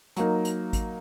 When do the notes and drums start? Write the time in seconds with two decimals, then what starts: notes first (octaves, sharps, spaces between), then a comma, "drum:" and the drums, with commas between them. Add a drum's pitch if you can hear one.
0.16 F#3 A#3 D#4, drum: hi-hat
0.45 drum: hi-hat
0.73 drum: kick G#1, hi-hat